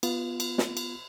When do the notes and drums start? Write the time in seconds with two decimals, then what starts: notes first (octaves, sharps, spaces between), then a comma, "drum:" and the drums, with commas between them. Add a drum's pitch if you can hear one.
0.03 B3 F4, drum: cymbal
0.40 drum: cymbal
0.58 drum: snare
0.77 drum: cymbal